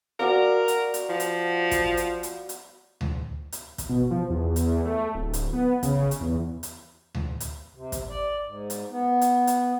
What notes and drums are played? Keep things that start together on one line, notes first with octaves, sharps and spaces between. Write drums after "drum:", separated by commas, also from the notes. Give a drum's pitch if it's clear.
F#4 A#4 D5 F5
drum: hi-hat
drum: hi-hat
F3
drum: hi-hat
drum: kick, hi-hat
drum: hi-hat
drum: hi-hat
drum: hi-hat
drum: tom D2
drum: hi-hat
drum: kick, hi-hat
B2
F3
E2
drum: hi-hat
A3
D1
drum: hi-hat
B3
C#3, drum: kick, hi-hat
drum: hi-hat
E2
drum: hi-hat
drum: tom D2
drum: hi-hat
C3
drum: kick, hi-hat
D5
G#2
drum: hi-hat
B3
drum: hi-hat
drum: hi-hat